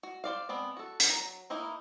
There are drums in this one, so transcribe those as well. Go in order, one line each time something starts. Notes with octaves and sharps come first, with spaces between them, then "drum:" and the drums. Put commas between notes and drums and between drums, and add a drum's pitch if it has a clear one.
F#4
C5 D5 F5
G#3 B3 C4 D5
F#4 A4
drum: hi-hat
F#3 A#5
E3 A#3 D#4 E4